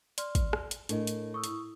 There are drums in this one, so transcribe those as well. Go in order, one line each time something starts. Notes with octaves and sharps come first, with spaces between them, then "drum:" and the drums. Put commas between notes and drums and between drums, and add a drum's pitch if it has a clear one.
D5 C6 F6, drum: hi-hat
drum: kick, hi-hat
drum: rim click
drum: hi-hat
A2 D4 A#4 D#5, drum: hi-hat
drum: hi-hat
C#6 D#6 E6
drum: hi-hat